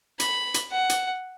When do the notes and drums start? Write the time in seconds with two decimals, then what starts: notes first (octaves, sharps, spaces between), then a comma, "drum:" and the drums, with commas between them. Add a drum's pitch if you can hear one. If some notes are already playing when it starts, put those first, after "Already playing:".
0.20 B5, drum: hi-hat
0.54 drum: hi-hat
0.72 F#5
0.89 drum: hi-hat